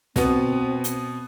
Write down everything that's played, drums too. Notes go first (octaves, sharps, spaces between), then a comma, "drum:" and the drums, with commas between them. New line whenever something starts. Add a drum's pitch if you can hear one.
B2 B3 C4, drum: snare
drum: hi-hat